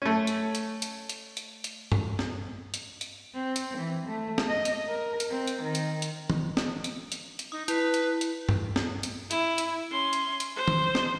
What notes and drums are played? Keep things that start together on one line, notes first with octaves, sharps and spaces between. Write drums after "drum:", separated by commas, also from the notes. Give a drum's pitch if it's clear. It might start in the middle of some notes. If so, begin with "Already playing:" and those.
A3 C#4
drum: hi-hat
drum: hi-hat
drum: hi-hat
drum: hi-hat
drum: hi-hat
drum: hi-hat
drum: tom G2
drum: snare
drum: hi-hat
drum: hi-hat
C4
drum: hi-hat
E3
A3
drum: snare
D#5
drum: hi-hat
A#4
drum: hi-hat
C4
drum: hi-hat
D#3
drum: hi-hat
drum: hi-hat
drum: tom
drum: snare
drum: hi-hat
drum: hi-hat
drum: hi-hat
D#4 D#6
E4 B4, drum: hi-hat
drum: hi-hat
drum: hi-hat
drum: tom G2
drum: snare
drum: hi-hat
E4, drum: hi-hat
drum: hi-hat
C#4 C6
drum: hi-hat
drum: hi-hat
C5
drum: tom
drum: snare